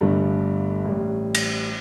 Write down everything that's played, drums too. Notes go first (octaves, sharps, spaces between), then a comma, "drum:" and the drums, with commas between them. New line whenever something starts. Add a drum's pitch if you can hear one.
G1 G2 D3 A3
A1 A2 G3
drum: cymbal